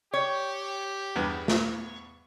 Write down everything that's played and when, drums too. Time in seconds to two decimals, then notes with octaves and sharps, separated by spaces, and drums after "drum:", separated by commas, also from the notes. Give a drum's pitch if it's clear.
0.13 G4 C#5
1.16 E2 G2 B3
1.48 drum: snare